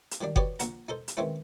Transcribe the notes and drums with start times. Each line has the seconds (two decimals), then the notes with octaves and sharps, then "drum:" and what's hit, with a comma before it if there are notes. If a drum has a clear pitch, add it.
0.11 drum: hi-hat
0.21 D#3 F#3 G3 D4
0.36 F#4 G4 B4 C#5 D5, drum: kick F#1
0.59 A#1 F#5 A#5, drum: hi-hat
0.89 D#4 A4 C5
1.08 drum: hi-hat
1.17 D#3 G#3 C4 C#4 E4 B4